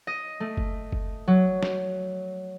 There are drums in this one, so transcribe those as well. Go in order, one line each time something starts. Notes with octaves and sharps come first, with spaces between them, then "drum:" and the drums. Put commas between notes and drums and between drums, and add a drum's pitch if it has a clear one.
D#5
A3
drum: kick F#1
drum: kick F#1
F#3
drum: snare